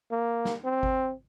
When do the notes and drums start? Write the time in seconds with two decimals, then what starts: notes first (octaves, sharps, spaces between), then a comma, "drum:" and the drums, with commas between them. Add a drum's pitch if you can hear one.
0.11 A#3
0.45 drum: snare
0.64 C4
0.83 drum: kick G#1